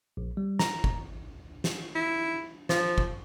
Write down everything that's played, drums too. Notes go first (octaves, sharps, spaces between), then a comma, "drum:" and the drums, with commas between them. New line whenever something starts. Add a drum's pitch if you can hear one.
A#1
G3
A#5, drum: snare
drum: kick
drum: snare
E4
F3, drum: snare
drum: kick